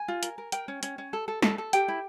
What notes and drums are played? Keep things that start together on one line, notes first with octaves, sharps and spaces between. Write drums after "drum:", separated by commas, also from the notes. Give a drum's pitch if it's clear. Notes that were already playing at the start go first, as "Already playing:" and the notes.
Already playing: G#5
F4
A#4, drum: hi-hat
A#4
A#4 G5, drum: hi-hat
C#4
C#4, drum: hi-hat
C#4
A4
A4
A4, drum: snare
A4
G4 G5, drum: hi-hat
E4